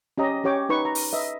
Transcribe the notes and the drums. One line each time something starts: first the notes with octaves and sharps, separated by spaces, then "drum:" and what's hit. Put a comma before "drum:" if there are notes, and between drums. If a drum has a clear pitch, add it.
C#4 G4 D#5 A#5
C#4 G4 C#5 G5 D6
D#4 B4 C#6
A#5
drum: open hi-hat
B4 D#5 E5